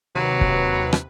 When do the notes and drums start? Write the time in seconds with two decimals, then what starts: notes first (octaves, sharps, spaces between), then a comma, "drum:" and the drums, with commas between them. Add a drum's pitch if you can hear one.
0.15 D#2 C3 F#3 B4
0.41 drum: kick
0.93 drum: rim click